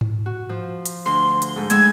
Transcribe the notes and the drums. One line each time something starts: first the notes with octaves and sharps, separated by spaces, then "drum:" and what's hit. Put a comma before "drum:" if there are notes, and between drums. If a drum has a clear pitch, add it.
drum: tom G#2
F#4
F3
drum: hi-hat
D2 C6
drum: hi-hat
G#2 A4 G6
A2 G#3 E6 G#6, drum: hi-hat